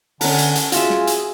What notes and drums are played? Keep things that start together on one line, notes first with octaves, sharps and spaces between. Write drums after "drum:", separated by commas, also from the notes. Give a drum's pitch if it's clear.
D3 C#4 F#5 A5 A#5, drum: open hi-hat
drum: hi-hat
drum: hi-hat
F4 F#4 G#4 E5 G#5, drum: hi-hat
drum: snare
drum: hi-hat